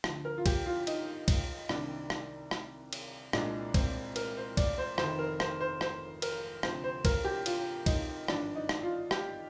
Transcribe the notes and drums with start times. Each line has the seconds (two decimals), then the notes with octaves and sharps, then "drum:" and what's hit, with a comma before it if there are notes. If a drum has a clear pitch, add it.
0.04 D2 D3 F3, drum: rim click
0.25 A#4
0.38 F4
0.46 G4, drum: kick B1, cymbal
0.66 F4
0.87 D#4, drum: cymbal
1.28 drum: kick B1, cymbal
1.69 C2 C3 D#3 D4, drum: rim click
2.10 drum: rim click
2.51 drum: rim click
2.93 drum: cymbal
3.33 C2 A#2 G#3 D4, drum: rim click
3.74 C4, drum: kick B1, cymbal
4.16 A#4, drum: cymbal
4.37 C5
4.57 D5, drum: kick B1, cymbal
4.78 C5
4.98 F1 F2 D#3 C5, drum: rim click
5.19 A#4
5.40 C5, drum: rim click
5.61 C5
5.81 C5, drum: rim click
6.22 A#4, drum: cymbal
6.63 D2 C3 F3 C5, drum: rim click
6.84 C5
7.05 A#4, drum: kick B1, cymbal
7.25 G4
7.46 F4, drum: cymbal
7.86 D#4, drum: kick B1, cymbal
8.28 G#1 G2 F3 D4, drum: rim click
8.56 D#4
8.69 drum: rim click
8.83 F4
9.11 G4, drum: rim click